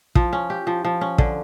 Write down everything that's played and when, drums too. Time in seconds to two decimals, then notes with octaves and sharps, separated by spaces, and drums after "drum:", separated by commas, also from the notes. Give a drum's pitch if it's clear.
0.15 F3, drum: kick
0.33 C#4
0.50 G4
0.67 F3
0.85 F3
1.01 C#4
1.18 D3, drum: kick